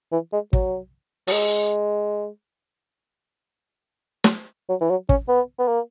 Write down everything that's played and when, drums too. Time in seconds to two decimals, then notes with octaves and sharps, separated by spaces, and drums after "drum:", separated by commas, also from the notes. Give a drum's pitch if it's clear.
0.12 E3
0.33 G#3
0.53 F#3, drum: kick
1.27 F#3, drum: open hi-hat
1.32 G#3
4.24 drum: snare
4.69 F#3
4.81 E3
4.90 F#3
5.09 C#4, drum: kick
5.28 B3
5.59 B3
5.68 A#3